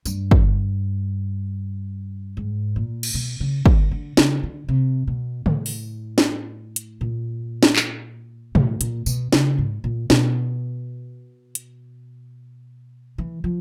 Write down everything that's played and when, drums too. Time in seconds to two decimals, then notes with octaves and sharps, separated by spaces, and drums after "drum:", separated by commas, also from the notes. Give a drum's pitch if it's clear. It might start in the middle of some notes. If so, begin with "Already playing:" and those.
0.05 G2, drum: tambourine
0.31 drum: kick
2.37 G#2
2.76 A#2
3.03 drum: cymbal
3.14 B2
3.40 C#3
3.66 D#3, drum: kick
3.91 D3
4.17 C#3, drum: snare
4.43 D3
4.68 C3
5.07 B2
5.46 A2, drum: tom C#3
5.66 drum: open hi-hat
6.18 drum: snare
6.76 drum: hi-hat
7.01 A#2
7.63 drum: snare
7.76 drum: clap
8.55 A2, drum: tom B2
8.81 A#2, drum: hi-hat
9.06 B2, drum: tambourine
9.32 C#3, drum: snare
9.58 G#2
9.84 A#2
10.10 B2, drum: snare
11.55 drum: hi-hat
13.18 E3
13.44 F3